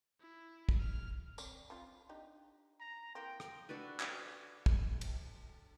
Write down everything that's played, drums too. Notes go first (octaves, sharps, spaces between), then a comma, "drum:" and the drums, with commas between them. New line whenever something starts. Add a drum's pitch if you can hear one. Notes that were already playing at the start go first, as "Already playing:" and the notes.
E4
drum: kick
F6
C4 C#5 D5, drum: tambourine
C4 F4 F5
D4 D#4 G4
A#5
E3 A#3 C4 G5
drum: rim click
D4 F#4 A4 B4
drum: clap
drum: kick
drum: cymbal